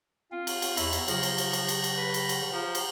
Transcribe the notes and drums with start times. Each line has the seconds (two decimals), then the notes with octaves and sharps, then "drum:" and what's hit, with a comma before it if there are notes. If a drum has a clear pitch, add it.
0.32 C4 F4
0.47 drum: cymbal
0.62 drum: cymbal
0.77 E2 E4 D#5 C#6, drum: cymbal
0.93 drum: cymbal
1.08 C#3 F3 F#3 A#6, drum: cymbal
1.23 drum: cymbal
1.38 drum: cymbal
1.53 drum: cymbal
1.68 drum: cymbal
1.84 drum: cymbal
1.98 B4
2.14 drum: cymbal
2.29 drum: cymbal
2.53 F3 A#5
2.75 drum: cymbal